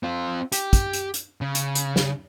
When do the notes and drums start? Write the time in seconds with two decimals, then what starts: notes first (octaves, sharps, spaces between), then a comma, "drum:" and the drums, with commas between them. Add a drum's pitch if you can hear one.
0.03 C4 F4
0.52 G4, drum: hi-hat
0.73 drum: kick, hi-hat
0.93 drum: hi-hat
1.14 drum: hi-hat
1.41 C#3
1.55 drum: hi-hat
1.75 drum: hi-hat
1.96 drum: snare